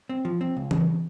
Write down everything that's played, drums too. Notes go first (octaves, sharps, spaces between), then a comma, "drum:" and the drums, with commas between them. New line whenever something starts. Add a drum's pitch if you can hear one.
C4
F3
C4
C#2
C#3, drum: tom E3